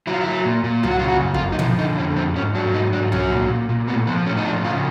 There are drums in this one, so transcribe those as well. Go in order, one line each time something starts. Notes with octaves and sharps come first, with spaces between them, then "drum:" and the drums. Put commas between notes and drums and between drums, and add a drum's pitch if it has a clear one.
F#3 E4
F4
E4
F#3
A#2
A#2
F#3 F4, drum: tom C2
F#4
F4
C#3
F#4
F#2
F4, drum: kick
F#2
D#4
F3 E4, drum: tom A#2
D3 D#4
F2 C#4
F2 C4
G#2 C#4
F#3 D4
G#2 D#4
F#3 D4
F#3 C#4, drum: tom C2
A#2
A#2
A#2
A2 B3
F3 B3
A2 C#4
D#4
F3 D4
C#3 F4